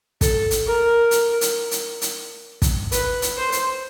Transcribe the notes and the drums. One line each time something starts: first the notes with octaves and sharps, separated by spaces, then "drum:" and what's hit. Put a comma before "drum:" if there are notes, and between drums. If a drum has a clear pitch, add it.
A4, drum: kick, hi-hat
drum: hi-hat
A#4
drum: hi-hat
drum: hi-hat
drum: hi-hat
drum: hi-hat
drum: kick, hi-hat
B4, drum: hi-hat
drum: hi-hat
C5
drum: hi-hat